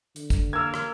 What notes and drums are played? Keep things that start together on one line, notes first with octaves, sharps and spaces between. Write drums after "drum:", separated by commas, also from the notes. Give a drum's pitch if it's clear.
D3, drum: hi-hat
drum: kick, hi-hat
A#3 A#4 E6 G#6
drum: rim click